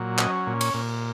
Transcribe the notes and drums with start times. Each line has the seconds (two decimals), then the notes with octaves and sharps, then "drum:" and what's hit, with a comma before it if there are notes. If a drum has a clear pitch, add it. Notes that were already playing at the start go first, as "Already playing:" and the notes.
Already playing: A#2 F#3
0.18 C#4 D#5, drum: clap
0.47 A#2
0.61 C#5, drum: cymbal
0.74 A#2